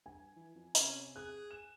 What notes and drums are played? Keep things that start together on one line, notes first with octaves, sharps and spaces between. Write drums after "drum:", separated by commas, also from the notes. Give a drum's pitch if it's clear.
G2 G#5
E3
F2
C3 C#4, drum: hi-hat
G#4 F#6
E7